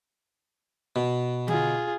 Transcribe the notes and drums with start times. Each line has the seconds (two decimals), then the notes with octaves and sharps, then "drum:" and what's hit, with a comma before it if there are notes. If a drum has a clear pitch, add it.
0.96 B2
1.48 F4 G#4, drum: tom D3